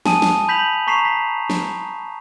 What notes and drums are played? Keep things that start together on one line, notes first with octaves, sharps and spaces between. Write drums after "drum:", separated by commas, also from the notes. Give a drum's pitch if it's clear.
G#5 A5 D#6 D#7, drum: snare
drum: snare
B5 G6 B6 F7 F#7
A#5 C#6 B6 C7 E7 F7
B6
drum: snare